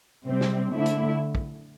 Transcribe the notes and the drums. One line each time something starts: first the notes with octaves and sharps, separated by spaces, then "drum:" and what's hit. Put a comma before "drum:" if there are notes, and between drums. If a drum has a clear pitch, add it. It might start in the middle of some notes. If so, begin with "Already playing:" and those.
C3 G3 C4
drum: snare
D3 A3 E4
drum: hi-hat
drum: kick